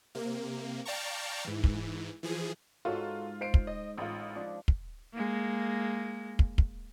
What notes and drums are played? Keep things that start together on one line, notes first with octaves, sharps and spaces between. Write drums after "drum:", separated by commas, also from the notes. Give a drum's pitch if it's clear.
C3 A#3
D5 F5 G5 A5 A#5 C#6
G#2 E3
drum: kick
E3 F3 G#4
G#2 F4 F#4 A4 C#5
C5 C7 D7
drum: kick
D#5
A1 F4
F3 D4
drum: kick
G#3 A#3
drum: kick
drum: kick